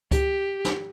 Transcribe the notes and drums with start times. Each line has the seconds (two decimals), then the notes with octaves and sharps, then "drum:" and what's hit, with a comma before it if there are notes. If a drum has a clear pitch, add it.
0.11 G4, drum: kick C#2, hi-hat
0.65 drum: snare